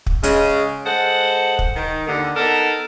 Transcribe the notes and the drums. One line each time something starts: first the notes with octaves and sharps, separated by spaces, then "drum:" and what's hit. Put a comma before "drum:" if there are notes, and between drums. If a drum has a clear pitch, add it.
drum: kick
C#3 G#3, drum: hi-hat
G#3 A4 C5 F#5
drum: kick
D#3
D#2 D3
B3 D#4 A4 A#4